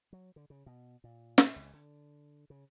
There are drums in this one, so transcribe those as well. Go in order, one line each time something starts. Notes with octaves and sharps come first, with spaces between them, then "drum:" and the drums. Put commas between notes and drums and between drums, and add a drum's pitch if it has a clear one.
F#3
D3
C#3
B2
A#2
drum: snare
C#2
D3
C#3